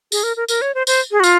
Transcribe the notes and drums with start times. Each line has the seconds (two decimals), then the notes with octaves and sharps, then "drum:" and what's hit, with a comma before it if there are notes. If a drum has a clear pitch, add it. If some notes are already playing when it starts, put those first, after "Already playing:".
0.12 G#4, drum: tambourine
0.23 A#4
0.37 A#4
0.48 A#4, drum: tambourine
0.62 C#5
0.75 C5
0.87 C5, drum: tambourine
1.12 G#4
1.20 F#4
1.24 F4, drum: tambourine